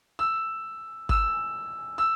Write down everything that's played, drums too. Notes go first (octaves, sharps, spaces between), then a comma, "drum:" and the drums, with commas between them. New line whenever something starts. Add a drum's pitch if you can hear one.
E6
E6, drum: kick G1
E6